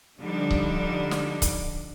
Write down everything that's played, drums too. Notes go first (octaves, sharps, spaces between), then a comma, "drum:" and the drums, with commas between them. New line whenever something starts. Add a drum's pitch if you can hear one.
D3 F3 G3 D4 D#4
drum: kick C#1
drum: snare
drum: kick C#1, hi-hat